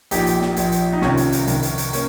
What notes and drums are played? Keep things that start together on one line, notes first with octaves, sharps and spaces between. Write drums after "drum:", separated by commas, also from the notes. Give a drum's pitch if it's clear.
A#1 A#2 D#4 G4, drum: hi-hat
drum: hi-hat
drum: snare
A#1 A#2, drum: hi-hat
drum: hi-hat
D#4
C2 C3 D#3 C#4 F4, drum: snare
drum: hi-hat
drum: hi-hat
C2 C3 D#3, drum: hi-hat
drum: hi-hat
drum: hi-hat
A#3 C#4, drum: hi-hat